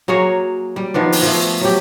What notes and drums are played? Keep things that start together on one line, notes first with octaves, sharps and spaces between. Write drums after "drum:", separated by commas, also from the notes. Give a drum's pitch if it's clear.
F#3 A#3 G#4 C#5
G3
D#3 F3 B3 D4
drum: open hi-hat
F3 A3
F#3 G4